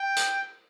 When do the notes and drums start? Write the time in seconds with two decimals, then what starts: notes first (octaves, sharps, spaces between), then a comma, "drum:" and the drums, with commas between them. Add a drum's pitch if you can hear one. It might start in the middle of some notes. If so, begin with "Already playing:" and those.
Already playing: G5
0.16 drum: hi-hat